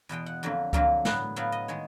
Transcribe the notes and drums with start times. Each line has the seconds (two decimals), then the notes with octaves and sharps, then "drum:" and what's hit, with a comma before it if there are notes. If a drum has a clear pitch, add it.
0.09 E2 B2 G#3 G5
0.26 F#5
0.43 F2 D3 F#3 A#3
0.73 F2 D3 F#3 A#3 F5, drum: kick C#2
1.05 A2 F#3 B3 F#5, drum: snare
1.36 A2 F#3 B3 F5
1.52 D#5
1.68 D#3 G#3 C#5